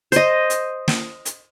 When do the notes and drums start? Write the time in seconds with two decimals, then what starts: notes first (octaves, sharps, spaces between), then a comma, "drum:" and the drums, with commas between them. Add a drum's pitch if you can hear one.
0.12 C5 D#5, drum: hi-hat
0.50 drum: hi-hat
0.88 drum: snare
1.25 drum: hi-hat